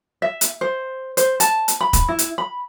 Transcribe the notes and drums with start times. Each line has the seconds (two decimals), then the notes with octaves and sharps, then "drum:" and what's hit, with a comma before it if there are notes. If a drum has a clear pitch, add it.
0.22 E5
0.41 drum: hi-hat
0.61 C5
1.17 C5, drum: hi-hat
1.40 A5, drum: hi-hat
1.68 drum: hi-hat
1.81 B5
1.93 drum: kick, hi-hat
2.09 E4
2.19 drum: hi-hat
2.38 B5